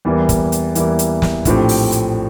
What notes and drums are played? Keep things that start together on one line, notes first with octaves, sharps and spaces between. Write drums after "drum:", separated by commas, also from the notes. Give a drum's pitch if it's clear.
E2 E3 G3 A#3 E4
drum: kick, hi-hat
drum: hi-hat
E2 E3 G3 A#3 E4, drum: hi-hat
drum: hi-hat
drum: snare
A#1 A2 F3 C4 G4, drum: kick, hi-hat
drum: open hi-hat
drum: hi-hat